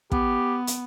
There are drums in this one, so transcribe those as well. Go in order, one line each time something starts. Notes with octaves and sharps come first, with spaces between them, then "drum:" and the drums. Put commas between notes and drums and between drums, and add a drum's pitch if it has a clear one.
B3 G4, drum: kick
drum: hi-hat